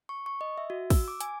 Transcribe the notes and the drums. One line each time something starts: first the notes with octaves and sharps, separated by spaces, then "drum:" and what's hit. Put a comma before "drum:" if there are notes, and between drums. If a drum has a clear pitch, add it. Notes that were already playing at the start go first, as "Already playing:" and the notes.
C#6
C#6
D#5
E5
F#4
E6, drum: kick, open hi-hat
D6
G#5, drum: hi-hat